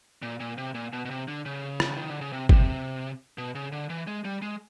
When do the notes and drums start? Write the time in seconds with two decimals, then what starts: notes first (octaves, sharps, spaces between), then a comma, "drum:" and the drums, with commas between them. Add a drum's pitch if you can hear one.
0.22 A#2
0.40 A#2
0.58 C3
0.74 A#2
0.93 B2
1.05 B2
1.10 C3
1.28 D3
1.46 C#3
1.80 drum: rim click
1.97 D#3
2.09 D3
2.21 C#3
2.33 C3
2.49 C3, drum: kick
3.38 B2
3.55 C#3
3.72 D3
3.90 E3
4.07 G#3
4.25 G3
4.42 G#3